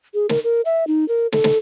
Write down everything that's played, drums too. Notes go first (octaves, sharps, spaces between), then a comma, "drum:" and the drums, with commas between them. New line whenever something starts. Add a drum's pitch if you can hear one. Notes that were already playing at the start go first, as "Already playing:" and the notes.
G#4
A#4, drum: snare
A#4
E5
D#4
A#4
A4, drum: snare
drum: snare